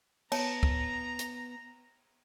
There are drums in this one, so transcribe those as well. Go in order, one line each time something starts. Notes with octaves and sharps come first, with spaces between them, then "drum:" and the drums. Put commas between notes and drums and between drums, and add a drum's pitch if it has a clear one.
B3 C#5 A5 A#5, drum: cymbal
drum: kick
drum: hi-hat